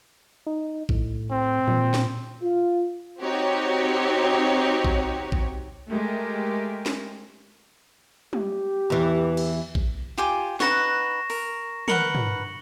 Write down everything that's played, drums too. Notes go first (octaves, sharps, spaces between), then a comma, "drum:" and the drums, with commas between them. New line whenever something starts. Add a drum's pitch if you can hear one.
D#4
A2, drum: kick A#1
C4
A#2, drum: tom
drum: snare
F4
C4 D#4 F#4 G4 C#5
drum: kick A#1
drum: kick A#1
G#3 A3 G4 A#4
drum: snare
G4, drum: tom
E2 E3
drum: cymbal
drum: kick A#1
F4 G4 G#5
D#4 B4 F#5 C#6 A#6 E7, drum: snare
A#4, drum: open hi-hat
A#4 B4 F#5 C#7 F#7 G7, drum: tom
drum: tom